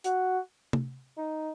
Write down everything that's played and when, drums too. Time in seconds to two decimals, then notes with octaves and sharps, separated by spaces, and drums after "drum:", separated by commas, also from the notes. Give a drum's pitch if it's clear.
0.04 F#4, drum: hi-hat
0.73 drum: tom
1.17 D#4